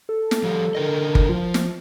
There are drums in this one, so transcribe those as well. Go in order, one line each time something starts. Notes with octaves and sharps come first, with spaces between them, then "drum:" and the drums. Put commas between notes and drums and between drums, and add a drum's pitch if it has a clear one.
A4
drum: snare
F3 G3
D3 A#4 D#5
drum: kick G1
F3 F4
drum: snare